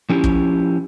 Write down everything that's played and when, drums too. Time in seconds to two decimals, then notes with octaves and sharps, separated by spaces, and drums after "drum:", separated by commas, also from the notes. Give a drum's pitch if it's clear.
0.09 F3 C#4 E4 G4
0.24 drum: kick